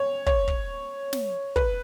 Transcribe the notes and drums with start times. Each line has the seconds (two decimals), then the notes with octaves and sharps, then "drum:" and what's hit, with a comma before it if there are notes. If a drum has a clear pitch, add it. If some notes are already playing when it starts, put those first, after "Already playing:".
Already playing: C#5
0.26 C#5, drum: kick
0.48 drum: kick
1.13 drum: snare
1.56 B4, drum: kick